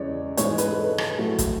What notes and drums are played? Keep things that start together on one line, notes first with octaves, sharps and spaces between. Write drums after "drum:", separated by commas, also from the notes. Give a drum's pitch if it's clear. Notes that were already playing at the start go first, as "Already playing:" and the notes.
Already playing: E2 C#3 G#3 C#5 D5
G#2 E3 G#3 C#5, drum: hi-hat
B4, drum: hi-hat
A4
B4
drum: rim click
A2 F#3 A3
drum: kick, hi-hat